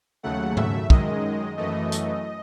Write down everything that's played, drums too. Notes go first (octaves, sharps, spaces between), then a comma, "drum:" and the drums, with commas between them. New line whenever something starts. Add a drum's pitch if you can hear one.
D#2 C#3 F#3 A3 F#5
E5, drum: tom
F#2 D#3 G#3 D#5, drum: kick
F#2 E3 A3 D#5
drum: hi-hat